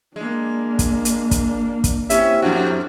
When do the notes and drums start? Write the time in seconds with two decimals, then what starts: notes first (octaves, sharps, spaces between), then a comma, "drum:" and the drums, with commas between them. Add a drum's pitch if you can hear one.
0.16 G#3 A#3 D4
0.79 drum: kick, hi-hat
1.05 drum: hi-hat
1.31 drum: kick, hi-hat
1.84 drum: kick, hi-hat
2.10 C4 C#4 E4 G4 E5, drum: hi-hat
2.42 F2 A2 D4 F#4